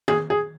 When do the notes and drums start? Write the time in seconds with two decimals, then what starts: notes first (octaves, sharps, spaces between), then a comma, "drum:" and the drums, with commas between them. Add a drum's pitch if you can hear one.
0.08 G#4, drum: tom
0.30 G#4